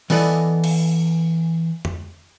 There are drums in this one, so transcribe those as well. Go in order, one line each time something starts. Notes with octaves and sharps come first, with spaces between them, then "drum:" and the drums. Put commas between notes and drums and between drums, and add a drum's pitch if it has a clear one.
E3 B3 A4 D5 D#5, drum: open hi-hat
drum: cymbal
drum: tom